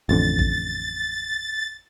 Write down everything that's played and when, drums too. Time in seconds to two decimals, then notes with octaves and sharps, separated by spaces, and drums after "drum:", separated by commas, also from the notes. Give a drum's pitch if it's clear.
0.09 A1 F2 D3 A6
0.39 drum: kick A1